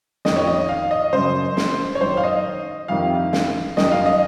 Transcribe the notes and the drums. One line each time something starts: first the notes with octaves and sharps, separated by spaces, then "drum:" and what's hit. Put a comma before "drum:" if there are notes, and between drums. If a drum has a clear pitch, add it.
F2 D#3 D#5, drum: snare
C#5
D#5
F5
D#5
F#2 C#3 C5
drum: snare
C#5
F#2 D#3 C5
F5
D#5
F2 C3 D#3 F5
drum: snare
F#2 D#3 D#5, drum: snare
F5
D#5